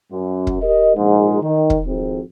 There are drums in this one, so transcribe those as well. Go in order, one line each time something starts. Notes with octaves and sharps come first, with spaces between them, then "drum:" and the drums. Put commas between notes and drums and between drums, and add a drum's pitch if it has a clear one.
F#2
drum: kick
G4 A#4 D#5
A#1 G#2
D#3
drum: kick
G#1 F2 G#2 C4